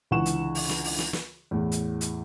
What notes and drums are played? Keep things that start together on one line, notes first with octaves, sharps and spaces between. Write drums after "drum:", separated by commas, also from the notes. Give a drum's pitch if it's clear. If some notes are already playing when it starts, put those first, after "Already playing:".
C#2 D3 E3 F#5 C#6 E7
drum: hi-hat
drum: open hi-hat
drum: snare
drum: open hi-hat
drum: snare
drum: snare
E2 A2
drum: hi-hat
drum: hi-hat